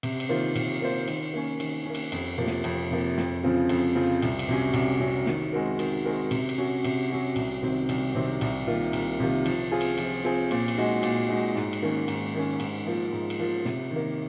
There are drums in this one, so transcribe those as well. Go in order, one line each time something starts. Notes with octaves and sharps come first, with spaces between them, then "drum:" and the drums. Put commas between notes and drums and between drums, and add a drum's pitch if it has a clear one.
C3, drum: cymbal
drum: cymbal
D#3 A#3 F4 C5
C3, drum: cymbal
D#3 A#3 F4 C5
D#3, drum: cymbal
A#3 C#4
D#3, drum: cymbal
A#3 C#4
drum: cymbal
F2, drum: cymbal
C3 F3 A#3
drum: snare
F2, drum: cymbal
C3 F3 A#3
F2, drum: snare
C#3 F3 C4 F4
F2, drum: cymbal
C#3 F3 C4 F4
C2, drum: cymbal
drum: cymbal
C3 F#3 C#4
C2, drum: cymbal
C3 F#3 C#4
D#3, drum: snare
G#3 C4 F#4 A#4
D#3, drum: cymbal
G#3 C4 F#4 A#4
C3, drum: cymbal
drum: cymbal
F#3 C#4 F#4
C3, drum: cymbal
F#3 C#4 F#4
C2, drum: cymbal
C3 D#3 F#3 C4
C2, drum: cymbal
C3 D#3 F#3 C4
C2, drum: cymbal
C3 D#3 A#3 F4
C2, drum: cymbal
C3 D#3 A#3 F4
F3, drum: cymbal
C4 F4 G#4
drum: cymbal
F3, drum: cymbal
C4 F4 G#4
A#2, drum: cymbal
drum: cymbal
G#3 D#4 F#4
A#2, drum: cymbal
G#3 D#4 F#4
G#2, drum: snare
drum: cymbal
D#3 A#3 C#4
G#2, drum: cymbal
D#3 A#3 C#4
G#2, drum: cymbal
F3 A#3 F4
G#2
drum: cymbal
F3 A#3 F4
C3, drum: snare
D#3
A#3